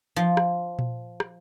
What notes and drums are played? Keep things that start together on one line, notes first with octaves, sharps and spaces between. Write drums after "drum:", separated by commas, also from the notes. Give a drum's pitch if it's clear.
F3
drum: rim click
drum: tom A#2
drum: rim click